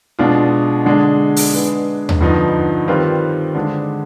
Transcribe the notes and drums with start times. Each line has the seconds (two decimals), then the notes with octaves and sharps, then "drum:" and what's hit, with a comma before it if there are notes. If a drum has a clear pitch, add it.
0.19 B2 G#3 D4 F4
0.85 D3 G#3 D4
1.36 drum: open hi-hat
1.53 G#3 B3 D4 G#4 B4
2.09 drum: tom D#2
2.21 G2 D3 F3 B3 D#4
2.88 D#3 G3 C4 F4 B4
3.55 D3 G#3 D4